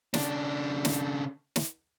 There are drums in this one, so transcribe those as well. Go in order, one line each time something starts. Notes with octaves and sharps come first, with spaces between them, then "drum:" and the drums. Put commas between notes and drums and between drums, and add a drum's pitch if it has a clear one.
C#3 D4, drum: snare
drum: snare
drum: snare